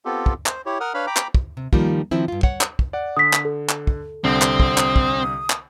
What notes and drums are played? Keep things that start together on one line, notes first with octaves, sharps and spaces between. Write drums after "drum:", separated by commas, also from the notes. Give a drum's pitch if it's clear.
B3 C4 F4 G4 A4
drum: kick
C5, drum: clap
E4 G4 C#5
A#4 F#5 D#6 F6
D4 B4 C#5 F5 B5 F6
G5 A#5 B5 D6
drum: clap
drum: kick
C3
D#3 F3 G3 A#3 D#4 F4, drum: kick
D#3 F3 C4 E4
G2 F4
C#5 F#5, drum: kick
drum: clap
drum: kick
D5 F#5
D3 D#6 B6
drum: clap
A4
drum: clap
drum: kick
C2 D3 C4 D#6
drum: clap
drum: kick
drum: clap
drum: kick
drum: clap